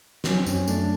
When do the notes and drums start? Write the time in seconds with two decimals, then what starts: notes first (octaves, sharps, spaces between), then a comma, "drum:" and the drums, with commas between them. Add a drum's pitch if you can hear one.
0.24 F#3 C#4, drum: snare
0.37 C4
0.46 F#2 C#4, drum: tambourine
0.68 A3 D4, drum: tambourine